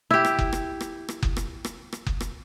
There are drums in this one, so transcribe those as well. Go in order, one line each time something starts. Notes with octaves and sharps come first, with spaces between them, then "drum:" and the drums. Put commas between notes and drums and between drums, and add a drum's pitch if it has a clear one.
E4 G4
drum: rim click
drum: kick F#1
drum: rim click
drum: rim click
drum: rim click
drum: kick F#1
drum: rim click
drum: rim click
drum: rim click
drum: kick F#1
drum: rim click